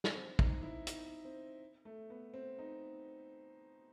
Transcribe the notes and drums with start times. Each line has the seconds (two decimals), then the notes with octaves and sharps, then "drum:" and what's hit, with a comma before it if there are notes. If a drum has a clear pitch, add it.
0.04 drum: snare
0.14 C4
0.39 D#4, drum: kick
0.63 E4
0.87 D#4, drum: hi-hat
1.25 C4
1.85 A3
2.10 B3
2.34 C4
2.59 D#4